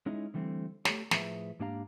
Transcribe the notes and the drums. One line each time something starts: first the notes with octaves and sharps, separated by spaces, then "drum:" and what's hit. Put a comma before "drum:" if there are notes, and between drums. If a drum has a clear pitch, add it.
G#3 C#4 D#4 E4
D3 E3 G3 A3 C4
A3 G4 A4 C#5, drum: snare
A2 F3 G#4 B4 E5, drum: snare
G#2 A#3 D4 G4 F5 A#5